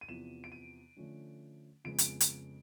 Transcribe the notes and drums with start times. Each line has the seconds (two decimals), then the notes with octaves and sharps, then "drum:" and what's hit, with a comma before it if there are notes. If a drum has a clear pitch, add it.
0.01 D#7
0.08 E2 C3 F3 E7
0.44 D7
0.52 D#7
0.97 D3 F3 A3 C#4
1.84 F2 C#3 F3 G#3 B3 D7
1.98 drum: hi-hat
2.20 drum: hi-hat